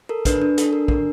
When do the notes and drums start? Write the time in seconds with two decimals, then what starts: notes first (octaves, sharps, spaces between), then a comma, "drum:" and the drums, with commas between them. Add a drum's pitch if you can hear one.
0.09 A4 A#4
0.25 D4 B4, drum: kick, hi-hat
0.42 D4
0.58 D4 A4, drum: hi-hat
0.73 D4 A#4
0.88 D4 A#4, drum: kick